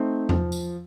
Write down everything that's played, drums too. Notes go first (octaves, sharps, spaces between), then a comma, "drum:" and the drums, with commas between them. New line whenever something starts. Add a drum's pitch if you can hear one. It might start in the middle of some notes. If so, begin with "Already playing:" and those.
Already playing: A3 C4 D#4
F3, drum: tom E2
drum: tambourine